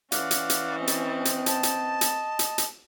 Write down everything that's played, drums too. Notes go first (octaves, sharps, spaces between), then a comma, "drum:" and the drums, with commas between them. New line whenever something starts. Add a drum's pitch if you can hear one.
E3 C#4 D5 F5 F#5, drum: hi-hat
drum: hi-hat
drum: hi-hat
C4 D#5
drum: hi-hat
drum: hi-hat
A5, drum: hi-hat
drum: hi-hat
drum: hi-hat
drum: hi-hat
drum: hi-hat